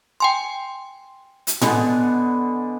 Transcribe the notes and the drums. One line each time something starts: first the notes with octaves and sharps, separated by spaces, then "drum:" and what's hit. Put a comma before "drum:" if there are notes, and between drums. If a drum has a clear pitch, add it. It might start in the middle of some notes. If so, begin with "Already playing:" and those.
G5 G#5 C6
drum: hi-hat
D3 G#3 B3, drum: tom A2